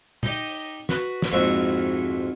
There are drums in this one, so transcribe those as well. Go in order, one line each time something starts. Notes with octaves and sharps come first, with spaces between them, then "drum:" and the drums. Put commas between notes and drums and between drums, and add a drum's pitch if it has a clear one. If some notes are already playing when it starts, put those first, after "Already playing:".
D#4 G4 D#5, drum: tom A#2
drum: open hi-hat
F#4 B4, drum: snare
drum: snare
A#1 F2 G#2 F3 F#4 E5